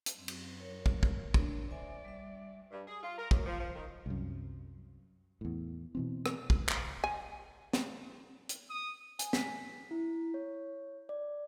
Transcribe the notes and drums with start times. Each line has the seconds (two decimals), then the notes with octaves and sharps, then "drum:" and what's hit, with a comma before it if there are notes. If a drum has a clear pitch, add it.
0.06 drum: hi-hat
0.19 F#2 C4
0.28 drum: cymbal
0.59 A#4 C#5
0.86 drum: kick
1.03 drum: kick
1.34 D4, drum: kick
1.70 C5 D5 E5 G#5
2.05 G3 E5
2.71 G2
2.87 G#4
3.03 F4
3.18 A#4
3.31 F#2, drum: kick
3.46 F3
3.59 F3
3.75 D#3
4.06 C2 F#2
5.41 E2 A2
5.95 B2 E3 C4
6.26 drum: rim click
6.50 C#2, drum: kick
6.69 drum: clap
7.04 G#5
7.73 drum: snare
8.49 drum: hi-hat
8.70 D#6
9.19 G#5, drum: hi-hat
9.33 B6, drum: snare
9.91 E4
10.34 C#5
11.09 D5